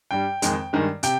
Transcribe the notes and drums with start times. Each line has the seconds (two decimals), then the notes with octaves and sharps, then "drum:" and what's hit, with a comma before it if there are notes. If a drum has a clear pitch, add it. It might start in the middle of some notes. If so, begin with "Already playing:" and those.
0.11 G2 G3 G5
0.42 F2 D#3 G#3, drum: hi-hat
0.73 G2 D#3 G#3
1.03 C3 G5, drum: hi-hat